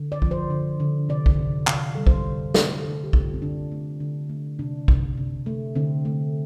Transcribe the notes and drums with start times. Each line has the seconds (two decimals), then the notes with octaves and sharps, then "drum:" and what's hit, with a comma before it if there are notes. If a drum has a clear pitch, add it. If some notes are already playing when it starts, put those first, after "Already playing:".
Already playing: D3
0.12 D5
0.22 F3, drum: kick
0.31 C5
0.50 D3
0.80 D3
1.09 C3 D5
1.26 drum: kick
1.39 C3
1.67 C3 F5, drum: clap
1.95 G3 A4
2.07 C5, drum: kick
2.25 D3
2.54 A3, drum: snare
2.84 D3 A4
3.04 G4
3.13 A3, drum: kick
3.23 F4
3.34 C4
3.42 D3 D4
3.72 A3
4.00 D3
4.30 A3
4.59 C3 D4
4.88 C3, drum: kick
5.17 C3
5.46 A3
5.75 D3 C4
6.05 A3